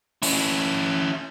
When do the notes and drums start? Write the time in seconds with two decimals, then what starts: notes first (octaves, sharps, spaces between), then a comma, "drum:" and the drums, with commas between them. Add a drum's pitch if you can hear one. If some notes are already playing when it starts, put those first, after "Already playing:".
0.22 C#4 E4, drum: open hi-hat